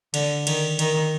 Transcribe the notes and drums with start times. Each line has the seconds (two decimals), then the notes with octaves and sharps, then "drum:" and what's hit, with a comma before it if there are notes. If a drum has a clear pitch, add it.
0.14 D3, drum: cymbal
0.47 D#3, drum: cymbal
0.79 D#3, drum: cymbal